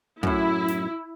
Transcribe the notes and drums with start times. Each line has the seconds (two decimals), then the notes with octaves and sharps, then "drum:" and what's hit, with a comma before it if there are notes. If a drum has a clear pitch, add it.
0.23 F#2 A2 E4, drum: kick
0.68 drum: snare